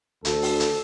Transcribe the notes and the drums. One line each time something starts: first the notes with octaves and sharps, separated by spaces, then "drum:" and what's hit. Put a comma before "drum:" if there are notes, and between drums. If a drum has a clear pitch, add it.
D2 A4, drum: hi-hat
drum: open hi-hat
drum: hi-hat